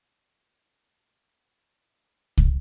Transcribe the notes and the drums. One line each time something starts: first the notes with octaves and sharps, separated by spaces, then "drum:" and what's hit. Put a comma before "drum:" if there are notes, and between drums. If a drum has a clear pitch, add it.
C2 B3 A4 B5
drum: kick